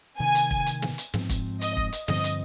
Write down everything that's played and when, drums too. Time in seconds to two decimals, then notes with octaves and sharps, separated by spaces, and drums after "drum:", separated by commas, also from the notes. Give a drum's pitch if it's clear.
0.19 C3 D#3 A#3 G#5
0.35 drum: hi-hat
0.51 drum: kick
0.66 drum: hi-hat
0.82 drum: snare
0.98 drum: hi-hat
1.14 G#2 F3 C4, drum: snare
1.29 drum: kick, hi-hat
1.61 D#5, drum: hi-hat
1.77 drum: kick
1.93 drum: hi-hat
2.08 G2 D3 F3 C4 D#5, drum: snare
2.24 drum: hi-hat